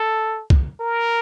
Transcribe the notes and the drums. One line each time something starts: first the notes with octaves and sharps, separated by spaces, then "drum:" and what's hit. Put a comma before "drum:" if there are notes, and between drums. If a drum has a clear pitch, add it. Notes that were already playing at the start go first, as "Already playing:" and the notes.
Already playing: A4
drum: kick
A#4